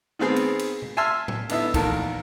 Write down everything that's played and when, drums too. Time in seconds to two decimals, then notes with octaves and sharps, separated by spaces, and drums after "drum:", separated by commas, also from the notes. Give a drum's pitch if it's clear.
0.19 D#3 B3 C4 G#4
0.36 drum: cymbal
0.59 drum: cymbal
0.82 drum: tom
0.97 E5 G#5 A5 C6 E6 F6
1.28 drum: tom
1.49 D3 B3 D#4 E4 E5, drum: cymbal
1.74 A#1 E2 D#3 A4 A#4, drum: kick C2, cymbal